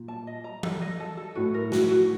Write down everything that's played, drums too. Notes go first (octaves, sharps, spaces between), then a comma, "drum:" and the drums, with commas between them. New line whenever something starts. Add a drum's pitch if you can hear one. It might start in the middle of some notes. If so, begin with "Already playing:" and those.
Already playing: A#2
A5
D#5
A#5
A4, drum: tom E3
D#5
A4
A4
A2 F#4
A#4
F#4, drum: snare
F#4